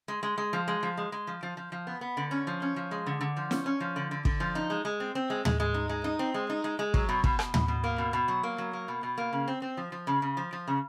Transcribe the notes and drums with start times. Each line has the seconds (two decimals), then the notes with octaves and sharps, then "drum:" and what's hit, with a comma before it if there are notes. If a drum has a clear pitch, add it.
0.08 G#3
0.23 G#3
0.38 G#3
0.53 F3
0.68 G#3
0.83 F3
0.98 G#3
1.12 G#3
1.27 F3
1.43 F3
1.57 F3
1.72 F3
1.87 B3
2.01 B3
2.17 D3
2.31 C#4
2.47 F3
2.62 C#4
2.76 F3
2.91 G#3
3.07 D3
3.21 D3
3.37 F3
3.51 C#4, drum: snare
3.66 C#4
3.80 F3
3.96 D3
4.11 D3
4.25 D3, drum: kick
4.40 F3
4.55 D#4
4.70 G#3
4.85 G#3
5.00 C4
5.15 C4
5.30 G#3
5.45 G#3, drum: tom
5.60 G#3
5.74 D#4
5.89 G#3
6.04 D#4
6.19 C4
6.34 G#3
6.50 D#4
6.64 G#3
6.79 G#3
6.94 F#3, drum: kick
7.09 B2
7.24 B2, drum: kick
7.39 B2, drum: rim click
7.54 B2, drum: tom
7.68 B2
7.84 A#3
7.98 B2
8.13 B2
8.28 F#3
8.43 A#3
8.58 F#3
8.73 A#3
8.88 B2
9.03 B2
9.18 A#3
9.33 C#3
9.48 C4
9.62 C4
9.77 F3
9.92 F3
10.07 C#3
10.22 C#3
10.37 F3
10.53 F3
10.68 C#3